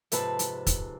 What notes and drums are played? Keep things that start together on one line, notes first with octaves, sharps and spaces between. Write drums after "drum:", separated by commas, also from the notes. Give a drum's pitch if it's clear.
F2 G#2 C3 B4 A5, drum: hi-hat
drum: hi-hat
drum: kick, hi-hat